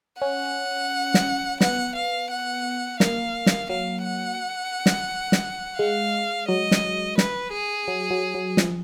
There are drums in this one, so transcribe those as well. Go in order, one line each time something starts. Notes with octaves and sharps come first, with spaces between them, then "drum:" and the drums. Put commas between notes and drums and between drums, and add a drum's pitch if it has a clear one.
C#4 F#5
drum: snare
B3 F#5, drum: snare
F5
F#5
A#3 F5, drum: snare
drum: snare
F#3 F5
F#5
drum: snare
drum: snare
G#3 F5
F#3 D#5
drum: snare
B4, drum: snare
G#4
F#3
F#3
F#3
F3, drum: snare